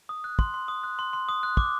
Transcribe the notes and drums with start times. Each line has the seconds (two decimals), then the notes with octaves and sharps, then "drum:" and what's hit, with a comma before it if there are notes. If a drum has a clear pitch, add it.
0.09 D#6
0.24 F#6
0.39 C6, drum: kick
0.54 C6
0.68 D#6
0.84 F#6
0.99 C6
1.13 C6
1.29 D#6
1.43 F#6
1.57 D6, drum: kick